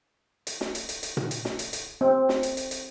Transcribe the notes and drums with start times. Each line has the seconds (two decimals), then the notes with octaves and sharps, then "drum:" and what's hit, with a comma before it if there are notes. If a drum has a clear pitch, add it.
0.47 drum: hi-hat
0.61 drum: snare
0.75 drum: hi-hat
0.89 drum: hi-hat
1.03 drum: hi-hat
1.17 drum: tom A#2
1.31 drum: hi-hat
1.45 drum: snare
1.59 drum: hi-hat
1.73 drum: hi-hat
2.01 C4
2.29 drum: snare
2.43 drum: hi-hat
2.57 drum: hi-hat
2.71 drum: hi-hat